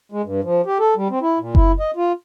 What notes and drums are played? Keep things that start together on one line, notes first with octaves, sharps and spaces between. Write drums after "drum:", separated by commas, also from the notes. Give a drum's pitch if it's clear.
G#3
G2
F3
G4
A4
G3
C4
E4
A#2
E4, drum: kick F#1
D#5
F4